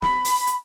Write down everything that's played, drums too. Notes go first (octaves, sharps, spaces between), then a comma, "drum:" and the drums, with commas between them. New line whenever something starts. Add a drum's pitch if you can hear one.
B5, drum: snare
drum: open hi-hat
drum: hi-hat